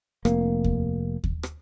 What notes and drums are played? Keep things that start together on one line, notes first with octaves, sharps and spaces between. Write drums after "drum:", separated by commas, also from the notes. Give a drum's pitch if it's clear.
F1 A#3, drum: rim click
drum: kick D#2
drum: kick D#2
drum: rim click